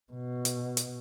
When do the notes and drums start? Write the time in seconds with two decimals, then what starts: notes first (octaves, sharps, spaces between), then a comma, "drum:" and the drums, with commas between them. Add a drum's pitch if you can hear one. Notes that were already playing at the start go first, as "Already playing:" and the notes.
0.13 B2
0.45 drum: hi-hat
0.77 drum: hi-hat